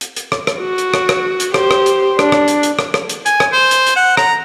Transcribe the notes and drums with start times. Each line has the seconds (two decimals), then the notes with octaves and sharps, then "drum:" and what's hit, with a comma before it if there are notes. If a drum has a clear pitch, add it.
0.01 drum: hi-hat
0.16 drum: hi-hat
0.32 drum: rim click
0.47 drum: rim click
0.59 F#4
0.78 drum: hi-hat
0.94 drum: rim click
1.09 drum: rim click
1.40 drum: hi-hat
1.54 G4 C5, drum: rim click
1.71 drum: rim click
1.86 drum: hi-hat
2.19 D4, drum: rim click
2.32 drum: rim click
2.48 drum: hi-hat
2.63 drum: hi-hat
2.79 drum: rim click
2.94 drum: rim click
3.09 drum: hi-hat
3.26 G#5, drum: hi-hat
3.40 drum: rim click
3.52 C5
3.71 drum: hi-hat
3.87 drum: hi-hat
3.96 F#5
4.17 A#5, drum: rim click